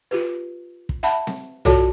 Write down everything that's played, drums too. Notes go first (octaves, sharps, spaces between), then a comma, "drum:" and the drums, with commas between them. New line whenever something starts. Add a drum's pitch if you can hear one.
F4 G4 B4
drum: kick
E5 F#5 A5 B5
drum: snare C4
F4 F#4 A4 C#5 D5 A5, drum: tom